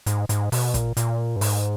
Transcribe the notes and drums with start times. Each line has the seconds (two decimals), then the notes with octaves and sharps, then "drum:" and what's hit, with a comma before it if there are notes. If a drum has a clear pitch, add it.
0.06 G#2, drum: hi-hat
0.29 G#2, drum: hi-hat
0.52 B2, drum: open hi-hat
0.74 A#2, drum: kick, hi-hat
0.97 A#2, drum: hi-hat
1.36 G2
1.41 G#2, drum: open hi-hat